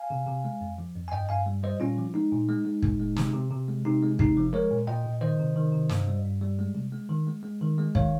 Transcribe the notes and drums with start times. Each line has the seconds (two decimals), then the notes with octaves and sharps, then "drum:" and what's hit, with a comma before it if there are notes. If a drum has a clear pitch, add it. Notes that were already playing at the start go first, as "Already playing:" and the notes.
Already playing: F5 G#5
0.10 C3
0.26 C3
0.44 G#3
0.61 F2
0.78 F3
0.95 F2
1.08 G#5
1.12 G2 D#5 G5
1.29 G2 F5 G#5
1.46 G3
1.63 G3 C5 D#5
1.80 A#2 C#4 F4
1.98 F3
2.14 G#3 D#4
2.32 A#2
2.49 G#3
2.65 G#3
2.82 A#2, drum: kick
3.00 G#3
3.16 C3, drum: snare
3.33 C3
3.51 C3
3.68 G#3
3.85 C3 D#4
4.02 G#3
4.19 C3 D#4, drum: kick
4.37 F3
4.53 G#3 A#4 C#5
4.71 A#2
4.87 A#2 D#5 G5
5.04 A#2
5.21 D#3 C5 D#5
5.39 C3
5.56 D#3
5.72 C3
5.89 G2, drum: snare
6.08 G3
6.25 G2
6.41 G3
6.59 G#3
6.75 C3
6.92 G#3
7.09 D#3
7.27 G#3
7.43 G#3
7.61 D#3
7.78 G#3
7.95 D#3 C#5 F5, drum: kick